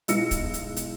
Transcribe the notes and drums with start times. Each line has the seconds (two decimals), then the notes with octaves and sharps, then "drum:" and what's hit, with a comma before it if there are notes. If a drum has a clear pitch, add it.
0.08 B1 G#3 E4 E6 A#6 C#7, drum: hi-hat
0.31 drum: kick, hi-hat
0.54 drum: hi-hat
0.76 drum: hi-hat